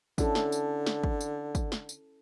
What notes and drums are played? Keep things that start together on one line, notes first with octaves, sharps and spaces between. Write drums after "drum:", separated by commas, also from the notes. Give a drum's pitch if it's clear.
D3 C#4 E4 A4, drum: kick, tambourine
drum: snare
drum: tambourine
drum: snare
drum: kick
drum: tambourine
drum: kick, tambourine
drum: snare
drum: tambourine